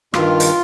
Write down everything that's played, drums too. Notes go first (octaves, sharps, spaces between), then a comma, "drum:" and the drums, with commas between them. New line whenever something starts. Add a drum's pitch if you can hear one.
G2 D#3 F4, drum: rim click
drum: hi-hat